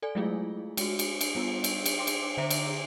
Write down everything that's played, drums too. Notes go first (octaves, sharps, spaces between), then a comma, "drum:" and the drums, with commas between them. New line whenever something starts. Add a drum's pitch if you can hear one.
A4 D5 G#5
F#3 G#3 A3 E4 F4 G#4
G#3 F#4, drum: cymbal
drum: cymbal
drum: cymbal
G3 B3 F4
drum: cymbal
drum: cymbal
G5 C6 D6
drum: cymbal
D3 C5 E5 A#5 D6
drum: cymbal